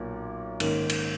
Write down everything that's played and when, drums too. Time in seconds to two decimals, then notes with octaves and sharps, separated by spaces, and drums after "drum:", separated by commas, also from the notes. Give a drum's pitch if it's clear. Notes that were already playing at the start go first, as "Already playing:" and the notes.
Already playing: B1 A#2 A#3
0.60 G#2 D#3 A#3 C#4, drum: cymbal
0.89 drum: cymbal